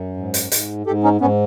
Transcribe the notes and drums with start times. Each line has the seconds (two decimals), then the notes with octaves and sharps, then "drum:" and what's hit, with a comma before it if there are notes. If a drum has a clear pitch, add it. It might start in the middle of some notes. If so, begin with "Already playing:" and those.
Already playing: F#2
0.17 G#2
0.34 drum: hi-hat
0.52 G#2, drum: hi-hat
0.86 G#2 G4 A4
1.04 C#4 D#4
1.21 G#2 B3 C#4